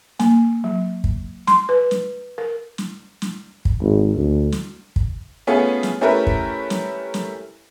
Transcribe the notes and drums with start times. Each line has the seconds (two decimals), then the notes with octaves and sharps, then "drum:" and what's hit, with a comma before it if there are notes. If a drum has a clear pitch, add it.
0.20 A#3, drum: snare
0.64 F#3
1.04 drum: kick
1.47 C6, drum: snare
1.69 B4
1.91 drum: snare
2.38 A#4
2.78 drum: snare
3.22 drum: snare
3.65 drum: kick
3.81 G#1
4.15 D2
4.52 drum: snare
4.96 drum: kick
5.47 A3 B3 C#4 F4 G#4
5.83 drum: snare
6.01 A3 C#4 E4 G4 A#4 B4
6.27 drum: kick
6.70 drum: snare
7.14 drum: snare